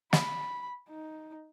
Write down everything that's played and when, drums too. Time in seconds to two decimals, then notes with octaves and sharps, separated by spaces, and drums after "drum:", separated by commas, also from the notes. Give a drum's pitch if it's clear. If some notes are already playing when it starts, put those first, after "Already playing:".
0.13 B5, drum: snare
0.89 D#4